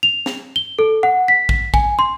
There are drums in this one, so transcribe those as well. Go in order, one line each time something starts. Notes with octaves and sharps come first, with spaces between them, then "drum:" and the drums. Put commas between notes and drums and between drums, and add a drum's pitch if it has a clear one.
F7
drum: snare
G7
A4
F#5
B6
drum: kick
G#5, drum: kick
C6